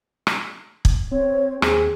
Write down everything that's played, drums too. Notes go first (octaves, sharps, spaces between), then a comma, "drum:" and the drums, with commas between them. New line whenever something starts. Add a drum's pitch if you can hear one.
drum: rim click
drum: kick
C4 C#5
D#2 C4 G#4, drum: rim click